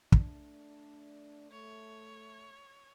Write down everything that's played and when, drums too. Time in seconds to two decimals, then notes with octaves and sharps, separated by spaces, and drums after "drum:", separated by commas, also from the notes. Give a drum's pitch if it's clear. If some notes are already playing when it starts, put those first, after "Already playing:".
0.12 A3 D4, drum: kick
1.51 A3 C#5